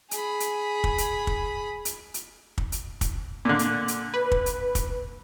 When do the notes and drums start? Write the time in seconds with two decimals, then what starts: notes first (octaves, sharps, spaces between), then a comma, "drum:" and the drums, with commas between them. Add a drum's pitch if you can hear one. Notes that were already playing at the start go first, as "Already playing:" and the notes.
0.11 G#4 B5, drum: hi-hat
0.40 drum: hi-hat
0.84 drum: kick
0.98 drum: hi-hat
1.27 drum: kick
1.85 drum: hi-hat
2.14 drum: hi-hat
2.58 drum: kick
2.72 drum: hi-hat
3.01 drum: kick, hi-hat
3.45 A#2 D3
3.59 drum: hi-hat
3.88 drum: hi-hat
4.14 B4
4.32 drum: kick
4.46 drum: hi-hat
4.75 drum: kick, hi-hat